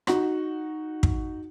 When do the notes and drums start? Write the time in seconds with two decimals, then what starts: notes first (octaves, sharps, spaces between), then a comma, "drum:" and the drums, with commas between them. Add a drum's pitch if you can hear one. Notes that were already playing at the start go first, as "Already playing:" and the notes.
0.07 D#4 F#4, drum: rim click
1.03 drum: kick